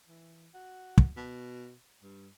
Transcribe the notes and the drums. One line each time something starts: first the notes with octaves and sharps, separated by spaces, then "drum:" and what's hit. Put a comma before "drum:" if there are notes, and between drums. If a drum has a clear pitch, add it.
E3
F#4
drum: kick
B2
G2